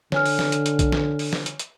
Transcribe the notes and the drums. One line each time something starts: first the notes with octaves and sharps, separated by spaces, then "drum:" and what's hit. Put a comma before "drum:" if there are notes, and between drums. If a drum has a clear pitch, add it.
D3 C#5 G#5 F6, drum: snare
drum: open hi-hat
drum: snare
drum: hi-hat
drum: hi-hat
drum: kick B1, hi-hat
drum: snare
drum: open hi-hat
drum: snare
drum: hi-hat
drum: hi-hat